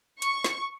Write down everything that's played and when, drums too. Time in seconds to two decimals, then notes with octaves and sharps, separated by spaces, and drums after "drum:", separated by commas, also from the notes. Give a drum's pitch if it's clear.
0.22 C#6, drum: hi-hat
0.44 drum: snare